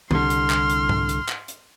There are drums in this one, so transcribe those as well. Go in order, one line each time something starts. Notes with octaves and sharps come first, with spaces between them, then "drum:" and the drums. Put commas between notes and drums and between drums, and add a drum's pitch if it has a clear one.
C2 D3 C6 F6, drum: tom D#3
drum: hi-hat
drum: clap
drum: hi-hat
drum: tom G#2
drum: hi-hat
drum: clap
drum: hi-hat